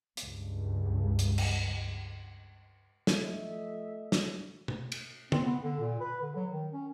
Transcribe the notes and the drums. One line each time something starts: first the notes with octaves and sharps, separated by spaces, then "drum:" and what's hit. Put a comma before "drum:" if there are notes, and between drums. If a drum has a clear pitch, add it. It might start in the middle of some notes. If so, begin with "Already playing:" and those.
C#2 G2, drum: hi-hat
drum: hi-hat
drum: cymbal
drum: snare
F3 A3 D#5 E5
drum: snare
drum: tom B2
drum: cymbal
C4, drum: tom
B3
D3
A#2
B4
D3
F#3
D#3
C#4